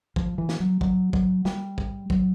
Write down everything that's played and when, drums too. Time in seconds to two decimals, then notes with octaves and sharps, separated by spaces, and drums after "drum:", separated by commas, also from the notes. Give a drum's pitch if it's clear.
0.16 F3, drum: kick
0.38 E3
0.49 drum: snare
0.60 F#3
0.81 F#3, drum: kick
1.13 F#3, drum: kick
1.45 G3, drum: snare
1.78 drum: kick
2.10 F#3, drum: kick